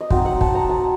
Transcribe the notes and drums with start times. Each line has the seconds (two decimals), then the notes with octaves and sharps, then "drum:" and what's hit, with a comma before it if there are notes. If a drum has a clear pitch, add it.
0.01 D#5
0.10 F#3 C4 D#4 F5, drum: kick
0.25 F#5
0.41 A5, drum: kick
0.55 A#5
0.69 A5